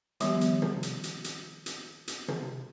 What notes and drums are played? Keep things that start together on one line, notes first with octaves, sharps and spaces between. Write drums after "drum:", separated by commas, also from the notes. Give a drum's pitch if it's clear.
D#3 F3 G3 B3 G4, drum: hi-hat
drum: hi-hat
drum: tom
drum: hi-hat
drum: hi-hat
drum: hi-hat
drum: hi-hat
drum: hi-hat
drum: tom